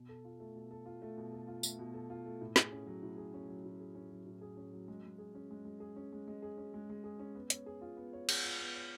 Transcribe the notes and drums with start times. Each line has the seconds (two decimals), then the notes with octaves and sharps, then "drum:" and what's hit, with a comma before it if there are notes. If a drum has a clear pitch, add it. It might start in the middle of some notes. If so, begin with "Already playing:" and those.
Already playing: B2
0.09 A4
0.24 F4
0.40 A3
0.56 B2
0.71 A4
0.86 F4
1.02 A3
1.18 B2
1.33 A4
1.48 F4
1.63 A3, drum: tambourine
1.79 B2
1.94 A4
2.10 F4
2.26 A3
2.41 A2
2.56 G#4, drum: snare
2.72 C#4
2.87 F#3
3.03 A2
3.17 G#4
3.34 C#4
3.49 F#3
3.65 A2
3.80 G#4
3.95 C#4
4.11 F#3
4.26 A2
4.41 G#4
4.57 C#4
4.73 F#3
4.88 G#3
5.03 G#3
5.18 G#4
5.35 C#4
5.50 G#3
5.65 G#3
5.80 G#4
5.96 C#4
6.12 G#3
6.27 G#3
6.42 G#4
6.57 C#4
6.74 G#3
6.90 G#3
7.04 G#4
7.19 C#4
7.35 B3
7.50 C#5, drum: hi-hat
7.66 G#4
7.81 F4
7.97 B3
8.13 C#5
8.29 G#4, drum: cymbal
8.43 F4
8.59 B3
8.75 C#5